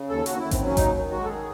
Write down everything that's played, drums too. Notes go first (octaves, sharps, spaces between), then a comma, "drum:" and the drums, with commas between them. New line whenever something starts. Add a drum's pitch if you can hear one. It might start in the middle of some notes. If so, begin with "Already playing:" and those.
Already playing: C#3
D#2 A4
D#2 F#4, drum: hi-hat
D#2 E4
C4, drum: kick A1, hi-hat
F#3 C#4
D#2 D#4, drum: kick A1, hi-hat
D#3
G#3 F#4
A4
D#3 G#4